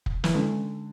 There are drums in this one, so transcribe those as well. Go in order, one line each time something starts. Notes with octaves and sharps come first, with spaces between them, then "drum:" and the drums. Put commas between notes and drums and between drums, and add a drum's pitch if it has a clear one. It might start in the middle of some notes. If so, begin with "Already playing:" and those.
drum: kick
E3, drum: snare
D3 G#3 C#4